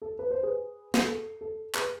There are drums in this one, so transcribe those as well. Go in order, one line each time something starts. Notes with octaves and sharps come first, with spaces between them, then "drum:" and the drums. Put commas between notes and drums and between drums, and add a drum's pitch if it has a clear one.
A4
B4
C5
G#4 B4
G#4, drum: snare
A4
A4
G#4 B4, drum: clap